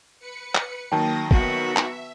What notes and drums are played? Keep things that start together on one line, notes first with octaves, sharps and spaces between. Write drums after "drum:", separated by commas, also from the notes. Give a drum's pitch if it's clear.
B4 C#7
drum: clap
D#3 F#3 A#3 G5 A5 D#6 A#6
B3 F#4 E5, drum: kick
drum: clap